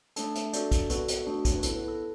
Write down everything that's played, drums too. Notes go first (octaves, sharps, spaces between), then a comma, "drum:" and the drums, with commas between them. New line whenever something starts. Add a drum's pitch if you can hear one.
A3 D4 A4 A5, drum: hi-hat
E5, drum: hi-hat
D4 F#4 A4 D5, drum: hi-hat
drum: kick, hi-hat
B3 F#4 A4 B4, drum: hi-hat
drum: hi-hat
A3 D4 F#4
drum: kick, hi-hat
B4
B3 E4 A4, drum: hi-hat
B4
A4